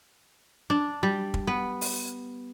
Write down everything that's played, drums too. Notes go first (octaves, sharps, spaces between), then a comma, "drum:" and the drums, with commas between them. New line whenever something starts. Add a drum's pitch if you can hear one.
D4
G3
drum: kick
B3
drum: open hi-hat